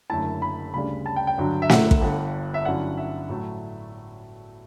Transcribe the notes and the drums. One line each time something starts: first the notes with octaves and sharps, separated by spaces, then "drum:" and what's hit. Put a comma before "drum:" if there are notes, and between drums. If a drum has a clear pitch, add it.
F#1 F#2 D3 A3 E4 A5
B5
D2 C#3 G3 D4 B5
A5
G5
G5
G2 D3 F#3
E5
F#5, drum: snare
drum: kick
G1 G2 D3
E5
G2 D3 F#3 C#4 E4 F#5
E5
A2 F#3 A3 E4